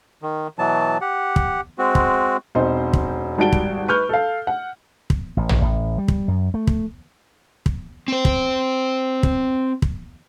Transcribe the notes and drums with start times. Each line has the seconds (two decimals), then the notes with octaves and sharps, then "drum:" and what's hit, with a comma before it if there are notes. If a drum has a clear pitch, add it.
0.22 D#3
0.59 B2 E3 F#3 A5
1.01 G4 F#5
1.36 drum: kick
1.78 G#3 C4 F#4
1.95 drum: kick
2.55 E1 C4 D#4 C5
2.93 drum: kick
3.38 G#1 G3 F#4 A5 D7 G7
3.52 drum: kick
3.88 B4 C#6 F6 G6
4.09 A4 F5
4.47 F#5
5.10 drum: kick
5.37 A1
5.49 drum: tom
5.62 A1
5.98 G3
6.08 drum: kick
6.28 F#2
6.54 A3
6.67 drum: kick
7.66 drum: kick
8.08 C4 C5
8.25 drum: kick
9.23 drum: kick
9.82 drum: kick